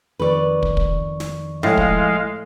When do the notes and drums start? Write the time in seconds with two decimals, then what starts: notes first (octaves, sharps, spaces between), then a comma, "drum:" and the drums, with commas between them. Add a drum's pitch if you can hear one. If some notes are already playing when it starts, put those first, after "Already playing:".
0.19 F2 D#3 B4 D5 C#6
0.63 drum: kick
0.77 drum: kick
1.20 drum: snare
1.63 A2 F3 G#3 E4 F5
1.77 drum: kick